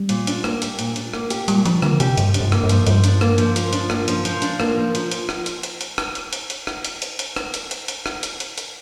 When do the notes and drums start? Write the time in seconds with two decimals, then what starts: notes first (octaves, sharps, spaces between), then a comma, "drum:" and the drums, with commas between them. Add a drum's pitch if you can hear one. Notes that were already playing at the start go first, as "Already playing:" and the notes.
Already playing: G3
0.09 A#2, drum: hi-hat
0.27 D4, drum: hi-hat
0.44 A#3, drum: rim click
0.62 G4, drum: hi-hat
0.79 A#2, drum: hi-hat
0.96 D4, drum: hi-hat
1.13 A#3, drum: rim click
1.30 G4, drum: hi-hat
1.48 A#2 G3, drum: hi-hat
1.65 F3 D4, drum: hi-hat
1.82 D3 A#3, drum: rim click
2.00 C3 G4, drum: hi-hat
2.17 G2 F3, drum: hi-hat
2.34 D4, drum: hi-hat
2.40 G2
2.52 A#3, drum: rim click
2.63 G2
2.69 F3, drum: hi-hat
2.87 G2 F3, drum: hi-hat
3.04 D4, drum: hi-hat
3.21 A#3, drum: rim click
3.38 F3, drum: hi-hat
3.56 F3, drum: hi-hat
3.73 D4, drum: hi-hat
3.90 A#3, drum: rim click
4.08 F3, drum: hi-hat
4.25 F3, drum: hi-hat
4.42 D4, drum: hi-hat
4.60 A#3, drum: rim click
4.77 F3
4.95 F3, drum: hi-hat
5.11 drum: hi-hat
5.29 drum: rim click
5.46 drum: hi-hat
5.63 drum: hi-hat
5.81 drum: hi-hat
5.98 drum: rim click
6.15 drum: hi-hat
6.33 drum: hi-hat
6.50 drum: hi-hat
6.67 drum: rim click
6.85 drum: hi-hat
7.02 drum: hi-hat
7.19 drum: hi-hat
7.36 drum: rim click
7.54 drum: hi-hat
7.71 drum: hi-hat
7.88 drum: hi-hat
8.06 drum: rim click
8.23 drum: hi-hat
8.40 drum: hi-hat
8.58 drum: hi-hat